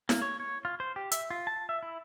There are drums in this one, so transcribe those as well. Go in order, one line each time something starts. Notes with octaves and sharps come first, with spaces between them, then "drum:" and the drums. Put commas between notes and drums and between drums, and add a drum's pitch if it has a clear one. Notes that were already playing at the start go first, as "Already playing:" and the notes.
A#3, drum: snare E4
C#5
C#5
F4
C5
G4
E5, drum: hi-hat
F4
A5
E5
E4